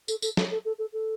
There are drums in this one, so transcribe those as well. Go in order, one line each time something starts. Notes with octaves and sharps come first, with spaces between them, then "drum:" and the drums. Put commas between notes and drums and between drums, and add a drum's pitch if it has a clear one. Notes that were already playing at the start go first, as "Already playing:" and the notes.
A4, drum: tambourine
A4, drum: tambourine
A4, drum: snare
A4
A4
A4
A4